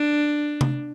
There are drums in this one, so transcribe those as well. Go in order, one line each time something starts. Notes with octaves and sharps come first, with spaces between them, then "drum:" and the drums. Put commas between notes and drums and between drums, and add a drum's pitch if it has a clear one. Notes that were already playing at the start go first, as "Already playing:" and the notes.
Already playing: D4
drum: tom C3